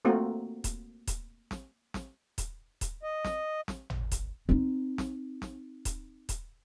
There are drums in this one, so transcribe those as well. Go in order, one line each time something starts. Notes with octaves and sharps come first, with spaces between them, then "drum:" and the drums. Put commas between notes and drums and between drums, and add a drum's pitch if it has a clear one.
A3 A#3 C4 F4 F#4 A#4
drum: kick D#1, hi-hat
drum: kick D#1, hi-hat
drum: snare
drum: snare
drum: kick D#1, hi-hat
drum: kick D#1, hi-hat
D#5
drum: snare
drum: snare
drum: tom G#1
drum: kick D#1, hi-hat
C4 D#4
drum: snare
drum: snare
drum: kick D#1, hi-hat
drum: kick D#1, hi-hat